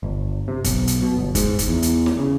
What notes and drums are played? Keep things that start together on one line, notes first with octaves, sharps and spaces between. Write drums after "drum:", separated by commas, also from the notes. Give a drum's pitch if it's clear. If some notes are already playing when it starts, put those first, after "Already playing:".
G1
C3
B1, drum: kick, hi-hat
drum: hi-hat
B2
G1
G#2, drum: kick, hi-hat
drum: kick, hi-hat
E2
drum: hi-hat
drum: snare
C#3